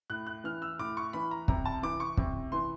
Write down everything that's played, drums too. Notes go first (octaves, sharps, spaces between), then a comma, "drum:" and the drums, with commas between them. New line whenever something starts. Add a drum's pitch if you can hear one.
A2 F#6
F#6
E3 F6
E6
A2 D6
C#6
E3 B5
A#5
C3 A#5, drum: kick
A5
E3 D6
C#6
C3, drum: kick
E3 C6